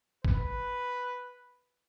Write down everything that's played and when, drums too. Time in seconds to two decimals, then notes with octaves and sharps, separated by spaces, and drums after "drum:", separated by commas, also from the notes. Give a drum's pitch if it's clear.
0.25 B4, drum: kick